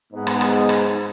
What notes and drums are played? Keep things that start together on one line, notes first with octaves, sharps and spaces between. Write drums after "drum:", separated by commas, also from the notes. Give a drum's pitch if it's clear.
G#2 B3
drum: rim click
drum: rim click
drum: rim click